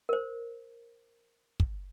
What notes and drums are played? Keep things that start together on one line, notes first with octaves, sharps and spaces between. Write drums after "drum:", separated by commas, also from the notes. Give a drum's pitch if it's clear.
A#4 C5
drum: kick